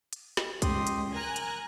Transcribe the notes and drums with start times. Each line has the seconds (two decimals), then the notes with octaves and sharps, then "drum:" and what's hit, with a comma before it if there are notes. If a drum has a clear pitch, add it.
0.13 drum: hi-hat
0.37 drum: snare
0.62 C#2 G4 C6 D#6, drum: kick, hi-hat
0.87 drum: hi-hat
1.14 A#4 G#5 A#5 F#6
1.36 drum: hi-hat